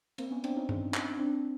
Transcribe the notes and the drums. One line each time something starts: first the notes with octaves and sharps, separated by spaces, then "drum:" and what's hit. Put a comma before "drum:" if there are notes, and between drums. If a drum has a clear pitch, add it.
A#3 C4, drum: cymbal
B3 C#4
C4 D4, drum: cymbal
C#4 D#4
drum: tom G2
drum: clap
C4 D4